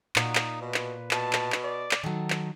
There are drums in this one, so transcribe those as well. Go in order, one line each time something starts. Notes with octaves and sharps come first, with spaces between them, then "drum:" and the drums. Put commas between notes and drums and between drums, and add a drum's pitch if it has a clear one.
A#2 D#4 F#4, drum: clap
drum: clap
B2 B4
drum: clap
B2 A5, drum: clap
drum: clap
drum: clap
D5
drum: clap
D#3 F#3 A4
drum: clap